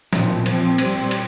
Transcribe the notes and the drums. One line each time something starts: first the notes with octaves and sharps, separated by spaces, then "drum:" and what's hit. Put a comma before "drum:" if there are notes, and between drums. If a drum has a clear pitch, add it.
A#2 F3 C4, drum: snare F3
F3 C4, drum: cymbal
A#2 G3 C4, drum: cymbal
drum: cymbal